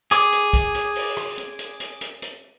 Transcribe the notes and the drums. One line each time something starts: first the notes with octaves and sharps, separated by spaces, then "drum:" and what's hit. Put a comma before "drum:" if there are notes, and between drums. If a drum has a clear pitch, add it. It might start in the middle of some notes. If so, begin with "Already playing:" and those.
G#4 D6, drum: hi-hat
drum: hi-hat
drum: kick B1, hi-hat
drum: hi-hat
drum: open hi-hat
drum: rim click
drum: hi-hat
drum: hi-hat
drum: hi-hat
drum: hi-hat
drum: hi-hat